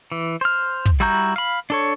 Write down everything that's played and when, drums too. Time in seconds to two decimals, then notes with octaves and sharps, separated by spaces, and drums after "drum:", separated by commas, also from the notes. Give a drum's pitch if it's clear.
0.12 E3
0.41 C5 F6
0.86 drum: kick, hi-hat
1.00 G3 E4 F#4 A#5 G6
1.36 F5 B5, drum: hi-hat
1.70 D4 A4 C#5